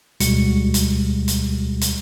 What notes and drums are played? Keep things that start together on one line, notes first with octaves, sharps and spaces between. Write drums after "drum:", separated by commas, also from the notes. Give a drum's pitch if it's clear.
D2 B2 G3 G#3 F#4 C#7, drum: hi-hat
drum: hi-hat
drum: hi-hat
drum: hi-hat